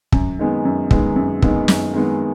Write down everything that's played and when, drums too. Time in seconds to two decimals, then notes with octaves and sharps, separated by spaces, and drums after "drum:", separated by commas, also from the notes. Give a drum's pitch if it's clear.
0.12 F#2, drum: kick
0.39 D#3 G#3 B3
0.65 F#2
0.91 D#3 G#3 B3, drum: kick
1.16 F#2
1.42 D#3 G#3 B3, drum: kick
1.68 F#2, drum: snare
1.94 D#3 G#3 B3